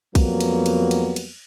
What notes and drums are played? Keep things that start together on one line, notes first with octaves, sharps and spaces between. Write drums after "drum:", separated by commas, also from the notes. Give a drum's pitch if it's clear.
F2 F#3 G3 A#3 B3, drum: kick B1, cymbal
drum: cymbal
drum: cymbal
drum: cymbal
drum: cymbal